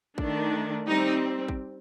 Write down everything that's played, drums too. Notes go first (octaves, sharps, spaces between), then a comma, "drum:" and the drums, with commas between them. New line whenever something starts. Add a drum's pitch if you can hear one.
D#3 A3 D4, drum: kick
G3 C4 D#4
drum: kick